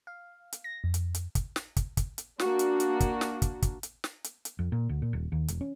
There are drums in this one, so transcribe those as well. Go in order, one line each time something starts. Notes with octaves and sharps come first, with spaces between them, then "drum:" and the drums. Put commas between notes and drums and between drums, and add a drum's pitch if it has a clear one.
F5
drum: hi-hat
A#6
F2
drum: hi-hat
drum: hi-hat
drum: kick, hi-hat
drum: snare
drum: kick, hi-hat
drum: kick, hi-hat
drum: hi-hat
A#3 D4 F#4, drum: snare
drum: hi-hat
drum: hi-hat
drum: kick, hi-hat
drum: snare
drum: kick, hi-hat
drum: kick, hi-hat
drum: hi-hat
drum: snare
drum: hi-hat
drum: hi-hat
F2
A#2
D2
A#2
D#1
D#2
E1, drum: hi-hat
C#4